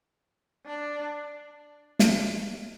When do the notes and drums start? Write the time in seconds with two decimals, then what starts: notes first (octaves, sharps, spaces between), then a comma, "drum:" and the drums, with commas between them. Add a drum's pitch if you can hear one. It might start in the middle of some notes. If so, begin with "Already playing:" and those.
0.66 D4
1.99 drum: snare